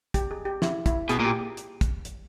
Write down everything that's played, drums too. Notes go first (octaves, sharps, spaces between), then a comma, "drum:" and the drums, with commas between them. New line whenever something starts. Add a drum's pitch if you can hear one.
G4, drum: kick, hi-hat
G#4
G4
E4, drum: snare
E4, drum: kick, hi-hat
B2 G#4, drum: hi-hat
A#2
G4
drum: hi-hat
drum: kick, hi-hat
drum: hi-hat